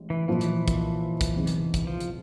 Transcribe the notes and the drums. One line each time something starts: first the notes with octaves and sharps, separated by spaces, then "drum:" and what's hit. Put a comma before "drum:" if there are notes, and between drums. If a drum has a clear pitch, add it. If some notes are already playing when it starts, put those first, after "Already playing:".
Already playing: A1 G#2
E3
B1 A#2 E3 F3 A#3
drum: hi-hat
drum: kick, hi-hat
drum: kick, hi-hat
F#1 E2 C3 D#3 G#3
drum: hi-hat
drum: kick, hi-hat
F3
drum: hi-hat